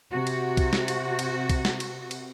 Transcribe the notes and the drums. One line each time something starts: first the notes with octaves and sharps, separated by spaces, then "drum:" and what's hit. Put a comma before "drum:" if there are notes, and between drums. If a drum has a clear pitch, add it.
C3 F#4
drum: cymbal
drum: kick B1, cymbal
drum: snare
drum: cymbal
drum: cymbal
drum: kick B1, cymbal
drum: snare
drum: cymbal
drum: cymbal